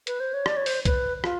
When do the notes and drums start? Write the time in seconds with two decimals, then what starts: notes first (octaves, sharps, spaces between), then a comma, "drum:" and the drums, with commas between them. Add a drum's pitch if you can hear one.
0.07 B4, drum: hi-hat
0.20 C5
0.34 C#5
0.46 D5, drum: rim click
0.57 C#5
0.66 C5, drum: open hi-hat
0.85 B4, drum: kick C2, hi-hat
1.24 F4, drum: rim click